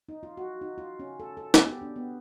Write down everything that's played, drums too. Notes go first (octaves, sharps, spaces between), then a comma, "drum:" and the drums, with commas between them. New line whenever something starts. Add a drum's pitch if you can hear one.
D#4
F4
F#4
D#4
F4
C#4
A4
A4
B3, drum: snare
G4
D4
B3